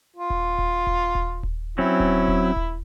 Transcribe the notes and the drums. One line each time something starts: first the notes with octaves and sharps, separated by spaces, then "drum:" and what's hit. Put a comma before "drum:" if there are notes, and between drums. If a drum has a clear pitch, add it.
F4
drum: kick D#1
drum: kick D#1
drum: kick D#1
drum: kick D#1
drum: kick D#1
F#3 C4 C#4 E4
drum: kick D#1
drum: kick D#1
drum: kick D#1